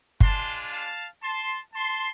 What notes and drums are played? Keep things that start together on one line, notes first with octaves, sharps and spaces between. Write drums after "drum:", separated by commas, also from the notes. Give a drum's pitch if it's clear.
G#3 D4 F4 A5 C6, drum: kick
F5 A5
A5 C6
A5 C6